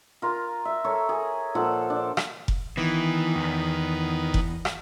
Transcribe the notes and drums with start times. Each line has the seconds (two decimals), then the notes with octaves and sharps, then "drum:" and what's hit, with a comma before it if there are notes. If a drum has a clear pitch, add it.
0.22 F4 A#4
0.65 E5
0.84 A4 A#4 C#5
1.09 G#4
1.55 A#2 F3 A4 F#5
1.90 D4
2.17 drum: rim click
2.48 drum: kick F1
2.77 D#3 E3 B3
3.36 E2
4.34 drum: kick F1
4.65 drum: rim click